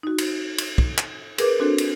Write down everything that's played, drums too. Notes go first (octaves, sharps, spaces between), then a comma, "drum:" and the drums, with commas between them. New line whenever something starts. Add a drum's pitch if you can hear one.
D#4 F#4
drum: cymbal
drum: cymbal
drum: kick
drum: clap
G#4 A#4 B4 D6, drum: cymbal
C4 D4 F#4 A4 C5
drum: cymbal